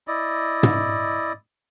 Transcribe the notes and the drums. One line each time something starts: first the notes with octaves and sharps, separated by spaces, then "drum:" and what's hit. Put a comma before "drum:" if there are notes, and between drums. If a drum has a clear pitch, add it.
E4 D5 D#5
drum: tom